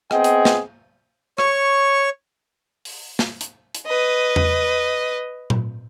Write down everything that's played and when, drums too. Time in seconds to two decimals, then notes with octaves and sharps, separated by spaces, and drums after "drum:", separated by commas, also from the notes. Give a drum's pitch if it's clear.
0.11 B3 C4 G#4 D#5 F#5 G5, drum: rim click
0.24 drum: hi-hat
0.45 drum: snare
1.38 C#5 C#6, drum: rim click
2.85 drum: open hi-hat
3.19 drum: snare
3.41 drum: hi-hat
3.75 drum: hi-hat
3.87 B4 D#5
4.36 drum: tom E2
5.50 drum: tom A#2